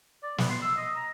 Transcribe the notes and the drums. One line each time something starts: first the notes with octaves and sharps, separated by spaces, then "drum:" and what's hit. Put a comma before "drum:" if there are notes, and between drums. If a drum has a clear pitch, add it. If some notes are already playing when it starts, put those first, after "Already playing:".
D5
B3, drum: snare
C6
E6
D#5
A#5